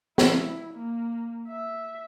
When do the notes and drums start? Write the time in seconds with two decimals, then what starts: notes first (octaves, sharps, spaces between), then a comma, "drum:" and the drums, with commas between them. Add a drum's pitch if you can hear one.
0.18 E4, drum: snare
0.74 A#3
1.48 E5